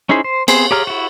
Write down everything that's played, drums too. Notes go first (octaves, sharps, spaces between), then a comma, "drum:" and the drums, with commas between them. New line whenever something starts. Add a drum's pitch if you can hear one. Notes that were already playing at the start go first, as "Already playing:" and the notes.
C#4 D#4 E4 G#4 C5
C5
B3 C4 G#4 C5, drum: cymbal
G4 G#4 C#5 A#5 F6
E4 F#4